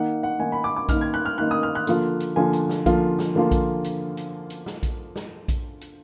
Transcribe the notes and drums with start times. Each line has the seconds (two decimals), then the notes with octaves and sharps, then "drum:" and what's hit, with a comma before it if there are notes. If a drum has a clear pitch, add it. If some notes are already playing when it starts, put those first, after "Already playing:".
Already playing: D#3 A#3 D#4 F#5
0.23 F#5
0.39 D#3 A#3 D#4 G#5
0.52 B5
0.64 D6
0.76 D6
0.89 D#3 A#3 D#4 F6, drum: kick A#1, hi-hat
1.01 G#6
1.14 F#6
1.26 F6
1.38 D#3 A#3 D#4 F#6
1.51 D#6
1.63 F6
1.75 F#6
1.87 D3 F3 A#3 F4, drum: hi-hat
2.20 drum: hi-hat
2.36 D3 F3 A#3 F4 G#5
2.53 drum: hi-hat
2.69 drum: snare
2.86 D3 F3 A#3 F4, drum: kick A#1, hi-hat
3.19 drum: snare
3.35 D3 F3 A#3 F4
3.51 drum: kick A#1, hi-hat
3.84 drum: hi-hat
4.17 drum: hi-hat
4.50 drum: hi-hat
4.66 drum: snare
4.83 drum: kick A#1, hi-hat
5.16 drum: snare
5.48 drum: kick A#1, hi-hat
5.81 drum: hi-hat